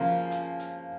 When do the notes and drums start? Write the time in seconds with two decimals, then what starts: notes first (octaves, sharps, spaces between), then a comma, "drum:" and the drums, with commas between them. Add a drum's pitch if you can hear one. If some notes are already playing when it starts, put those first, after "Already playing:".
Already playing: C#3 F3 A#3 F4
0.31 drum: hi-hat
0.59 drum: hi-hat